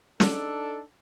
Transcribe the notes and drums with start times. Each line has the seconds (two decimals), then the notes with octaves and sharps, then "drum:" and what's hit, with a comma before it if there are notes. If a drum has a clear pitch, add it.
0.20 D4 D#4 A4, drum: snare